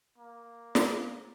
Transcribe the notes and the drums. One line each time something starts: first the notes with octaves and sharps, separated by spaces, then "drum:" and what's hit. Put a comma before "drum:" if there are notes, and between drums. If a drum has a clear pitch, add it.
A#3
drum: snare